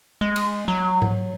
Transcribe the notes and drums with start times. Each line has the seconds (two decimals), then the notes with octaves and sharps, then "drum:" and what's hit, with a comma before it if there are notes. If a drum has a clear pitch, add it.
0.21 G#3
0.36 drum: cymbal
0.68 F#3
1.02 drum: tom G#2